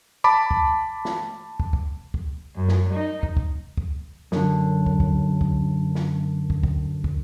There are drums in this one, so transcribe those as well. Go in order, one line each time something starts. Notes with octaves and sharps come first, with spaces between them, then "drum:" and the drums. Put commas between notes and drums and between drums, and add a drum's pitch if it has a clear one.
A5 B5 D6
drum: kick
drum: snare
drum: kick
drum: kick
drum: kick
F#2
drum: snare
D#4
drum: kick
drum: kick
drum: kick
F#2 D3, drum: snare
drum: kick
drum: kick
drum: kick
drum: snare
drum: kick
drum: kick
drum: kick